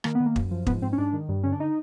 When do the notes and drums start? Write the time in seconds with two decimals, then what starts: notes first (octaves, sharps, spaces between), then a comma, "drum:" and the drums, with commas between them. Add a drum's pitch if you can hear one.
0.04 D#3 A#3, drum: rim click
0.15 B3
0.20 D#3
0.26 A#3
0.36 F#2, drum: kick
0.51 F3
0.67 G#2 B3, drum: kick
0.82 G#2 C4
0.93 C#4
0.98 G#2 D4
1.13 D#3
1.29 G2
1.43 D3 C#4
1.52 D4
1.60 D#4